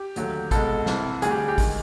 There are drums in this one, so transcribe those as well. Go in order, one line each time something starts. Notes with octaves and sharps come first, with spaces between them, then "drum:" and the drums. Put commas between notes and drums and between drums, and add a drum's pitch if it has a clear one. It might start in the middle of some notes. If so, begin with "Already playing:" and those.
Already playing: G4
D#2 D3 F#3 A3, drum: hi-hat
C2 B2 G#3 A4, drum: kick, hi-hat
C2 C3 E3, drum: snare
D2 D3 G3 G#4, drum: hi-hat
G4
G4
D#3 G#3, drum: kick, open hi-hat